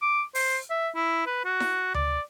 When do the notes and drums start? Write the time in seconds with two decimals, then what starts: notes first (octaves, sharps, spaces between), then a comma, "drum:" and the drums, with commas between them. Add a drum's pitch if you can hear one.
0.02 D6
0.35 C5, drum: open hi-hat
0.70 E5
0.95 E4
1.26 B4
1.45 F#4
1.60 drum: snare E4
1.94 D5, drum: tom D2